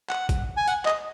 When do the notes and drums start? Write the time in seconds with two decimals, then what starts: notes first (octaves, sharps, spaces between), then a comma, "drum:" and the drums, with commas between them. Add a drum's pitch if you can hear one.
0.10 F#5, drum: clap
0.29 drum: kick, hi-hat
0.57 G#5
0.68 F#5, drum: hi-hat
0.85 D#5, drum: clap